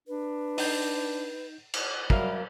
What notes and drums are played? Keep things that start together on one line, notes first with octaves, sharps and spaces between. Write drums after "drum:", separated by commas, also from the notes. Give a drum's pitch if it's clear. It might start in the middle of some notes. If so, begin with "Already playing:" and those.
D4 B4
D#4 G6, drum: open hi-hat
drum: cymbal
F#3 G3 A#4 E5 F5, drum: kick